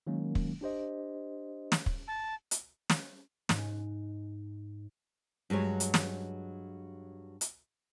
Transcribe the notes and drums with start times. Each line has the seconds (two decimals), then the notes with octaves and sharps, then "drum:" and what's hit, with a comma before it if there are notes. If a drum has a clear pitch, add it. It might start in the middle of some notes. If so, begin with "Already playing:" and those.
0.07 D#3 F#3 G#3 A#3 C#4
0.35 drum: kick
0.61 D4 G4 C5 D#5
1.72 drum: snare
1.86 drum: kick
2.08 A5
2.51 drum: hi-hat
2.90 drum: snare
3.49 G#2, drum: snare
5.50 G2 F#3 G#3 C#5
5.80 drum: hi-hat
5.94 drum: snare
7.41 drum: hi-hat